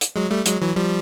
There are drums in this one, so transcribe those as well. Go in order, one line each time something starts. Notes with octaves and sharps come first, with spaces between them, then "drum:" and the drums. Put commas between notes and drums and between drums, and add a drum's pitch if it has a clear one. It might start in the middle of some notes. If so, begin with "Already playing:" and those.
drum: hi-hat
F#3 G#3
G3 A3
F#3 G#3, drum: hi-hat
E3 F#3
F3 G3